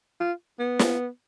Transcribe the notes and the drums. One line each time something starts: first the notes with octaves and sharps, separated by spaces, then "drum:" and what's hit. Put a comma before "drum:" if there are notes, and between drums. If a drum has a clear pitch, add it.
F4
B3
drum: snare